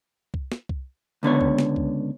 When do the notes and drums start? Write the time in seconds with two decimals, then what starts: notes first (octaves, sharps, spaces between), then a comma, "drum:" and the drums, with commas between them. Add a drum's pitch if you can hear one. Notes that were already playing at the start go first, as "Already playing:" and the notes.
0.34 drum: kick C2
0.52 drum: snare
0.69 drum: kick C2
1.23 C#2 D3 B3 C#5
1.41 drum: kick C2
1.58 drum: snare
1.76 drum: kick C2